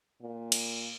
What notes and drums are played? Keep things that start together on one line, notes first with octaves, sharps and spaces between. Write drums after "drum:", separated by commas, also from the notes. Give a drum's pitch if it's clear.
A#2
drum: cymbal